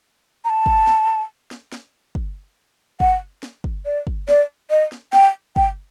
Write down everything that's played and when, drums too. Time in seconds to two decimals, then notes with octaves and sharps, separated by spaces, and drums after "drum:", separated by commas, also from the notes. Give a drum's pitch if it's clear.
0.45 A#5
0.50 A5
0.66 drum: kick
0.87 drum: snare
1.51 drum: snare
1.72 drum: snare
2.15 drum: kick
3.00 F#5, drum: kick
3.43 drum: snare
3.64 drum: kick
3.85 D5
4.07 drum: kick
4.29 D5, drum: snare
4.71 D#5
4.92 drum: snare
5.13 G5, drum: snare
5.56 G5, drum: kick